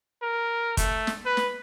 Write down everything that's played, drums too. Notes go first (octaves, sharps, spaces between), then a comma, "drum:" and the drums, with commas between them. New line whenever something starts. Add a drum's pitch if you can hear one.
A#4
A3, drum: kick, hi-hat
drum: snare
B4
drum: snare